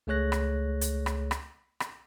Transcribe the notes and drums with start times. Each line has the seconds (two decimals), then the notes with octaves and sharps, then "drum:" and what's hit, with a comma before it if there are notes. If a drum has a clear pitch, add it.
0.07 C#2 A3 G#4 C#5 F#6 A#6
0.32 drum: rim click
0.81 drum: hi-hat
1.06 drum: rim click
1.31 drum: rim click
1.80 drum: rim click